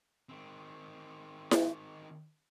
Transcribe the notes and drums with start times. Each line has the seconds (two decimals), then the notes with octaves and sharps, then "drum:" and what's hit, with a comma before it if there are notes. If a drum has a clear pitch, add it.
0.29 D#3 C4
1.51 drum: snare E4